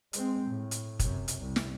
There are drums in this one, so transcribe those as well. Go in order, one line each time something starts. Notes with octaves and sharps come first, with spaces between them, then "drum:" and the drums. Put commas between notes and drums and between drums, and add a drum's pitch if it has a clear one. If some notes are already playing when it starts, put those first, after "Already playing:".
G#3 C4, drum: hi-hat
A2
drum: hi-hat
F#2 C3, drum: kick, hi-hat
drum: hi-hat
C2
drum: snare